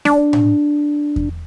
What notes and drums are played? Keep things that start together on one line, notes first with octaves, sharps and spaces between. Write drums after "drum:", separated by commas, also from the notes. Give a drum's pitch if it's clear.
D4, drum: snare
drum: tom A2
drum: kick E2